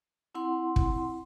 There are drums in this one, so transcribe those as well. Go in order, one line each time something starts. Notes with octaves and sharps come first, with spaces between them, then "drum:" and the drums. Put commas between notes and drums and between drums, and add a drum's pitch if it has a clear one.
C4 E4 F#5 C6
drum: kick